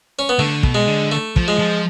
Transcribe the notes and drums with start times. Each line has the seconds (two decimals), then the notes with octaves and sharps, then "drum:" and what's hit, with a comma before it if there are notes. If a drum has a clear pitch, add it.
0.19 C#4
0.29 B3
0.39 D3 A3
0.63 B2, drum: kick
0.75 G#3
0.87 D3
1.12 A3
1.36 F3, drum: kick
1.48 G#3
1.59 F3